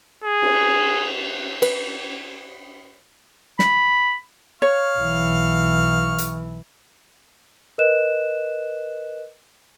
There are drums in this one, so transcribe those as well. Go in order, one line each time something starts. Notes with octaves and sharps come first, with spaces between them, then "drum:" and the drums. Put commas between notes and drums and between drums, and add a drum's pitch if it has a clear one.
G#4
drum: cymbal
B4, drum: cymbal
B5, drum: snare
C#5 F5 C#6 F6
B1 E3
drum: hi-hat
A#4 B4 D#5 F#6 E7